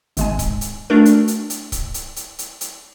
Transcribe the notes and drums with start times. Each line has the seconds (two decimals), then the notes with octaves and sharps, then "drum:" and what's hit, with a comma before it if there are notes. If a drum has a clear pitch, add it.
0.17 G#1 G#3 G#5, drum: hi-hat
0.39 drum: kick C#1, hi-hat
0.61 drum: hi-hat
0.90 A3 D4 F#4 A#4
1.05 drum: hi-hat
1.28 drum: hi-hat
1.50 drum: hi-hat
1.72 drum: kick C#1, hi-hat
1.94 drum: hi-hat
2.16 drum: hi-hat
2.39 drum: hi-hat
2.61 drum: hi-hat